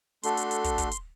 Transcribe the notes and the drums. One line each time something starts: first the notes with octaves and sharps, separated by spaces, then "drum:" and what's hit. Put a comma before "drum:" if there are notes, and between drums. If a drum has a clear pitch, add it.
A3 D4 F#4 A4 C6, drum: hi-hat
drum: hi-hat
drum: hi-hat
drum: kick, hi-hat
drum: kick, hi-hat
drum: hi-hat